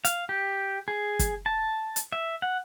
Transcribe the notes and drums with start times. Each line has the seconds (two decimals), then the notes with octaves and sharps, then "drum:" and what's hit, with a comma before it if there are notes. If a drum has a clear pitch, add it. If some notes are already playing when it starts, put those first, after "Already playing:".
0.05 F5, drum: hi-hat
0.29 G4
0.88 G#4
1.19 drum: kick, hi-hat
1.46 A5
1.96 drum: hi-hat
2.12 E5
2.42 F#5